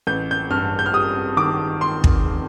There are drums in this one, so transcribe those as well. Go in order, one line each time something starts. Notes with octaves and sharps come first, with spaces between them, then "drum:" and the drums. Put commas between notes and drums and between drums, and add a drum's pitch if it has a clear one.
A1 G6
G6
G2 F6
G6
F6
G3 D#6
D#3 D6
C6
drum: kick